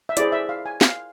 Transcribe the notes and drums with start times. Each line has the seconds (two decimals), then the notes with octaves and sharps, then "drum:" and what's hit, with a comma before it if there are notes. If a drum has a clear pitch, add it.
0.09 E5
0.17 E4 G#4 C5 D5, drum: hi-hat
0.32 E5
0.49 F5
0.66 G#5
0.81 F5, drum: snare